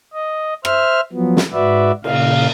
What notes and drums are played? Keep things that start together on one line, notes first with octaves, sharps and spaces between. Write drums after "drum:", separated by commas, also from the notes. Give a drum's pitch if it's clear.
D#5
C5 E5 F6, drum: rim click
F3 F#3 B3
drum: snare
G#2 F#4 B4 D5 E5
A#2 C#3 F5, drum: cymbal